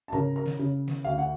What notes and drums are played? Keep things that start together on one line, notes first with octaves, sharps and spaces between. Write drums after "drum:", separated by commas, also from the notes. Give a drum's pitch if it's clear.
A5
C#3 A#4 A#5, drum: tom G#2
A#4 A#5
drum: snare
C#3
drum: snare
D2 F5
F#5